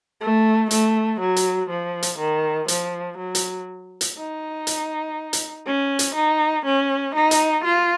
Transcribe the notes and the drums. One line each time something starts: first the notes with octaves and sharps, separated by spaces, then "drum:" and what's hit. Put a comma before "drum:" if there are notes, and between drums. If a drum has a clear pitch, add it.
A3
A3, drum: hi-hat
F#3
drum: hi-hat
F3
drum: hi-hat
D#3
F3, drum: hi-hat
F#3
drum: hi-hat
drum: hi-hat
D#4
drum: hi-hat
drum: hi-hat
C#4
drum: hi-hat
D#4
C#4
D#4
drum: hi-hat
F4